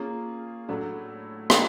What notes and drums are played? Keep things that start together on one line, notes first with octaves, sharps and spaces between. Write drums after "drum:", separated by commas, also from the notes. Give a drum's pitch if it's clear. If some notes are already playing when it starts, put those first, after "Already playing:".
Already playing: A#3 C#4 F4 G#4
A2 F#3 A3 D4
A#3 D4 G4, drum: rim click